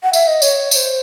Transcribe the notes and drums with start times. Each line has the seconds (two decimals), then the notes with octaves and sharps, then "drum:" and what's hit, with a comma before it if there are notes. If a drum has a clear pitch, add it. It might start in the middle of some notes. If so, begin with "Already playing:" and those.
0.03 F#5
0.13 E5, drum: tambourine
0.27 D#5
0.42 C#5, drum: tambourine
0.71 C#5, drum: tambourine
0.76 C5